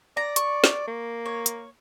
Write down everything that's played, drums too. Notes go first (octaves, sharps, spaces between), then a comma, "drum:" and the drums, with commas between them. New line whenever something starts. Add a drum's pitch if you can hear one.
D5 A#5
C#6, drum: hi-hat
drum: snare
A#3
C#5
drum: hi-hat